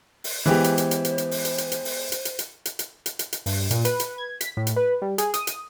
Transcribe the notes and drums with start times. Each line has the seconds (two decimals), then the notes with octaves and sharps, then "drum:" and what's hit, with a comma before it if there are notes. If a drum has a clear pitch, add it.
0.24 drum: open hi-hat
0.46 E3 G#3 B3 G4 C5
0.64 drum: hi-hat
0.78 drum: hi-hat
0.91 drum: hi-hat
1.05 drum: hi-hat
1.18 drum: hi-hat
1.31 drum: open hi-hat
1.45 drum: hi-hat
1.58 drum: hi-hat
1.72 drum: hi-hat
1.85 drum: open hi-hat
2.12 drum: hi-hat
2.25 drum: hi-hat
2.39 drum: hi-hat
2.65 drum: hi-hat
2.79 drum: hi-hat
3.06 drum: hi-hat
3.19 drum: hi-hat
3.33 drum: hi-hat
3.46 G2, drum: open hi-hat
3.71 A#2, drum: hi-hat
3.85 B4, drum: hi-hat
4.00 drum: hi-hat
4.18 G#6
4.41 B6, drum: hi-hat
4.57 A2
4.67 drum: hi-hat
4.76 B4
5.02 G3
5.18 G#4, drum: hi-hat
5.34 D#6, drum: hi-hat
5.47 drum: hi-hat